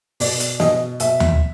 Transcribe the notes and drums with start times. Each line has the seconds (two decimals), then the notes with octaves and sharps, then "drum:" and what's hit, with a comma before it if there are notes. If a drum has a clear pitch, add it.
0.20 B2 D5, drum: open hi-hat
0.40 drum: hi-hat
0.60 B2 D#5, drum: snare
1.00 B2 E5, drum: hi-hat
1.20 drum: tom D2